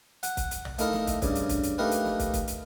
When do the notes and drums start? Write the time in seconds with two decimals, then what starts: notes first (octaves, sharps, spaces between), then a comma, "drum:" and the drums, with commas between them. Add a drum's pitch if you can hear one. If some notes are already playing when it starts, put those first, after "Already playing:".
0.23 F#5, drum: hi-hat
0.37 drum: kick, hi-hat
0.51 drum: hi-hat
0.65 drum: tom A#1
0.78 A3 A#3 D#4 E4 A#4 D#5, drum: hi-hat
0.93 drum: snare
1.07 drum: kick, hi-hat
1.22 G2 C#3, drum: kick, hi-hat
1.35 drum: hi-hat
1.49 drum: kick, hi-hat
1.63 drum: hi-hat
1.78 A3 A#3 D#4 G4 A#4 B4
1.91 drum: hi-hat
2.05 drum: snare
2.19 drum: kick, hi-hat
2.33 drum: kick, hi-hat
2.48 drum: hi-hat